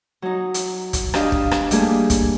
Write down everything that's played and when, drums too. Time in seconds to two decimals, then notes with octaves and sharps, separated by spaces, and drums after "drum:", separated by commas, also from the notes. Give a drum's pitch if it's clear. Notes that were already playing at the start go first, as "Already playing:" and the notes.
0.22 F#3 D#4
0.54 drum: hi-hat
0.93 drum: kick, hi-hat
1.14 D4 G4 D#5 F5, drum: rim click
1.32 drum: kick
1.51 drum: rim click
1.71 G3 A3 A#3 G#4, drum: hi-hat
2.10 drum: kick, hi-hat